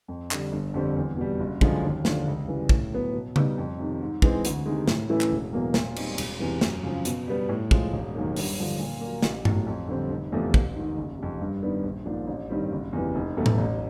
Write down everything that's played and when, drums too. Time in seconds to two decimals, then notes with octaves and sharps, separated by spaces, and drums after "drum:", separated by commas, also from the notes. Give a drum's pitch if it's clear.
0.08 F2
0.31 D3 G3, drum: clap
0.52 G1
0.74 F2 D3 G3 C4
0.97 E2
1.17 B2 G3
1.40 F#1
1.61 F#2 D3 F3 G#3, drum: kick
1.83 D#2
2.05 D3 F3, drum: snare
2.27 C#2
2.48 C#3 E3 G3
2.69 A2, drum: kick
2.92 F#3 B3
3.13 B2
3.36 G3 B3 D#4, drum: tom C#3
3.58 F2
3.79 C3 D#3
4.01 G#2
4.22 E3 G#3 C4, drum: kick
4.45 D2, drum: hi-hat
4.66 C3 D#3 G#3
4.88 A2, drum: snare
5.09 E3 A3 C#4 E4
5.21 drum: clap
5.31 E1
5.53 E2 B2 F#3 A#3
5.74 A#2, drum: snare
5.96 G3 C4 D#4, drum: cymbal
6.18 E1, drum: cymbal
6.40 E2 C3 E3
6.61 F#2, drum: snare
6.83 C#3 F3
7.05 B2, drum: hi-hat
7.27 G3 B3
7.49 A2
7.71 F3 G#3, drum: kick
7.92 E1
8.14 D#2 D#3 F#3 A#3
8.36 G2, drum: open hi-hat
8.58 D3 F3
8.79 A#2
9.01 F#3 A#3
9.22 A1, drum: snare
9.45 A2 F#3, drum: tom G2
9.67 F2
9.88 D3 G3 C4
10.10 F1
10.32 E2 C3 F3 A3
10.54 A1, drum: kick
10.75 G#2 D#3
10.97 F#1
11.18 F2 C3
11.41 G2
11.62 D#3 G3 B3 D4
11.84 A#1
12.05 G#2 F3 A#3 D4
12.27 A1
12.50 G2 D#3 G3 C4
12.71 F#1
12.93 E2 C3 E3
13.15 F1
13.37 E2 B2 F#3 A3
13.46 drum: tom A2
13.58 A1